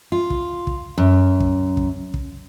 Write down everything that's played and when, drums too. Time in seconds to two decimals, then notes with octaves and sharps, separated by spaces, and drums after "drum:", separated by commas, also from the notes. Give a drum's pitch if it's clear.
0.12 F4
0.30 drum: kick
0.67 drum: kick
0.98 F#2
1.40 drum: kick
1.77 drum: kick
2.14 drum: kick